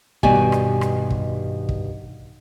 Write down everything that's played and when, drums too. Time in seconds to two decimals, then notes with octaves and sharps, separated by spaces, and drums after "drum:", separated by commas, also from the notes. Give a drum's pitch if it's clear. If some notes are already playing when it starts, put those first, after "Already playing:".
0.23 G2 B2 D#3 G4 D5 G#5, drum: kick
0.52 drum: rim click
0.81 drum: rim click
1.10 drum: kick
1.69 drum: kick